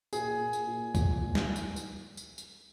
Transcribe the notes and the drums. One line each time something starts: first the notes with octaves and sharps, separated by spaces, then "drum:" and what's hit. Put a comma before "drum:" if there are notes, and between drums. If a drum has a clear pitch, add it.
A#2 G#4, drum: tambourine
A#2
drum: tambourine
A#2
A#2, drum: kick, tambourine
A#2
drum: snare
drum: tambourine
drum: tambourine
drum: tambourine
drum: tambourine